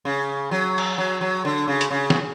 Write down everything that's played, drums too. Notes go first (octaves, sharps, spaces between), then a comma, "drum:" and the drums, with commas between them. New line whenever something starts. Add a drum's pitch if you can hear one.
C#3
F#3
drum: cymbal
F#3
F#3
D3
C#3
drum: hi-hat
C#3
drum: snare